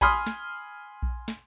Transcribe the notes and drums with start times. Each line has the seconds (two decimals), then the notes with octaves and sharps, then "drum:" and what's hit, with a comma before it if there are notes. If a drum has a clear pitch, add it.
0.01 G#5 B5 C6 D#6 F6, drum: kick A#1
0.27 drum: snare
1.03 drum: kick A#1
1.28 drum: snare